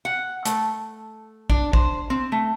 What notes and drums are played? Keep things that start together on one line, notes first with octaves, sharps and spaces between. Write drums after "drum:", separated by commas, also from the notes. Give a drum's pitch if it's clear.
F#5
A3, drum: hi-hat
D4, drum: kick
C5, drum: kick
C4
A3